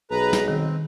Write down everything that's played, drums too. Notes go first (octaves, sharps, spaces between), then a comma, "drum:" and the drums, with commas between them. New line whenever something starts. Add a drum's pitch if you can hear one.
B1 G#4 B4 A#5
drum: snare
D#3 C4